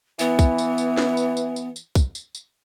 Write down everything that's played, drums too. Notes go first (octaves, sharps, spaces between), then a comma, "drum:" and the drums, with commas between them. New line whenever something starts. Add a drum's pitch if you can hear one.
E3 B3, drum: tambourine
drum: kick, tambourine
drum: tambourine
drum: tambourine
drum: snare
drum: tambourine
drum: tambourine
drum: tambourine
drum: tambourine
drum: kick, tambourine
drum: tambourine
drum: tambourine